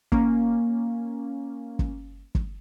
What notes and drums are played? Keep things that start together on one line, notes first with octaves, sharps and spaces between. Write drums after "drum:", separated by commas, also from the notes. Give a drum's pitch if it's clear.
A#3 C#4, drum: kick
drum: kick
drum: kick